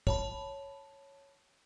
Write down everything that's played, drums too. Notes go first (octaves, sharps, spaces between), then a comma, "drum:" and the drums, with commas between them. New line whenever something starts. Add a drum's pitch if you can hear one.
C#5 A5 B5, drum: kick